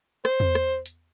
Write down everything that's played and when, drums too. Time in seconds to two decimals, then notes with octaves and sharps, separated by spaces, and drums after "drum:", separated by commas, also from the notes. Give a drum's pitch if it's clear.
0.25 C5, drum: rim click
0.40 drum: tom E2
0.55 drum: rim click
0.86 drum: hi-hat